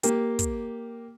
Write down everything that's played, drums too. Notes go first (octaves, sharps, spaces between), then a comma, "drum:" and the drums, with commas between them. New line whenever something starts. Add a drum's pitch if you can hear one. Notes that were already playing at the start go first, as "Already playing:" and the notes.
A#3 G4, drum: hi-hat
drum: kick, hi-hat